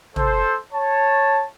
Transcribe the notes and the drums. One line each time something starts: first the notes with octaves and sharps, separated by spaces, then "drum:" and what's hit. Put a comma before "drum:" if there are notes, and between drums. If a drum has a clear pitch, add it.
A4 C5, drum: tom
C#5 A5